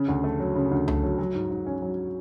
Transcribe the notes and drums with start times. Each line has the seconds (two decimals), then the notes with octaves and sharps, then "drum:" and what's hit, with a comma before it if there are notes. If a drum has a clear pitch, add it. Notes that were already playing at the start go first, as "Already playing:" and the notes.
Already playing: C#3
0.08 D2
0.24 A3
0.40 F#3
0.55 C#3
0.71 D2
0.88 A3, drum: tom C#2
1.03 F#3
1.19 F#3
1.35 G#2
1.51 G#2
1.66 C#4
1.82 F#3